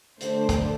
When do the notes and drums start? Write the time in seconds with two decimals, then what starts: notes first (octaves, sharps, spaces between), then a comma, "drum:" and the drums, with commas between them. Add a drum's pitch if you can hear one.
0.20 D3 A3 D4 C5, drum: hi-hat
0.49 drum: kick, hi-hat